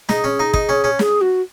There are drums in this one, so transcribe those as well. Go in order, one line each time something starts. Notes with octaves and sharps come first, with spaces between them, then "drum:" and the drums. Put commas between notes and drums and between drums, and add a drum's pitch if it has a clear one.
D#4 G#4, drum: snare
C#4
D#4
D#4, drum: kick
C#4
C#4
G#4, drum: snare
F#4